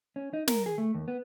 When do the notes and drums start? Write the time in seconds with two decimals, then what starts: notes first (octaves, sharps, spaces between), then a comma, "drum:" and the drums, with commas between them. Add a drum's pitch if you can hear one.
0.16 C#4
0.33 D#4
0.48 A#4, drum: snare
0.66 G#4
0.78 A3
0.94 D#2
1.08 B3